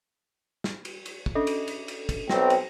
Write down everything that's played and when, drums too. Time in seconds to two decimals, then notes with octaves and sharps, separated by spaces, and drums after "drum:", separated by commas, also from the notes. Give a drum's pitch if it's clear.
0.64 drum: snare
0.85 drum: cymbal
1.06 drum: cymbal
1.26 drum: kick
1.35 C#4 D4 A4
1.47 drum: cymbal
1.68 drum: cymbal
1.88 drum: cymbal
2.09 drum: kick, cymbal
2.29 B1 C4 A#6, drum: snare
2.50 drum: cymbal